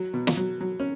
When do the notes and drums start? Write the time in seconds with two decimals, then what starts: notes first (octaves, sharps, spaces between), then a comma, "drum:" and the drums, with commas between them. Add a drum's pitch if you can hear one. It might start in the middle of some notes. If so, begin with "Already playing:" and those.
Already playing: F#3
0.14 B2
0.27 drum: snare
0.37 F#3
0.61 F#3
0.80 C#4